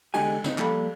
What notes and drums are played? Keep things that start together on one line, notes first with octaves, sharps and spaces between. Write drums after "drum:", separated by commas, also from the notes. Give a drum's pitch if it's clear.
E2 D3 G#3 D#4 G4 G#5, drum: cymbal
D#3 C4 D#4, drum: snare
F3 G3 A#3 A4 F5 B5, drum: clap